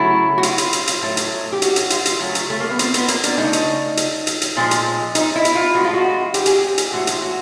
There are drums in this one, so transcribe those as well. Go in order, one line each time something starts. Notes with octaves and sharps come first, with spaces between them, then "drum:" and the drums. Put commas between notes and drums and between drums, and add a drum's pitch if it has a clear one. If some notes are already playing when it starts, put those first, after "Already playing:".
Already playing: C#3 F#3 A3 E4
F#4
F4, drum: hi-hat
drum: hi-hat
drum: hi-hat
drum: hi-hat
A2 F#3 A3
drum: hi-hat
G4
F#4, drum: hi-hat
drum: hi-hat
F4, drum: hi-hat
drum: hi-hat
C#3 F#3 A3
drum: hi-hat
A3
A#3
B3
C4, drum: hi-hat
B3, drum: hi-hat
A#3, drum: hi-hat
D4, drum: hi-hat
C#3 F3 A3 D#4
drum: hi-hat
drum: hi-hat
drum: hi-hat
drum: hi-hat
A#2 F3 G#3
drum: hi-hat
D#4, drum: hi-hat
E4
drum: hi-hat
F4
A2 F3 G#3 F#4
F4
F#4
G4, drum: hi-hat
G#4, drum: hi-hat
G4
drum: hi-hat
A2 E3 G#3 F#4
drum: hi-hat
F#4